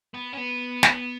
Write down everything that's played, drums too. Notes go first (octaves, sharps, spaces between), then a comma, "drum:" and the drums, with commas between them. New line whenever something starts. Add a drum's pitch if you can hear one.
B3
C#4
B3
drum: snare